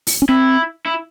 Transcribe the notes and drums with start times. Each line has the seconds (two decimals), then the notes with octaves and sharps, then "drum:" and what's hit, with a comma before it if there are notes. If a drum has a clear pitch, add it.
0.07 drum: open hi-hat
0.22 C#4
0.29 C4 E4
0.86 E4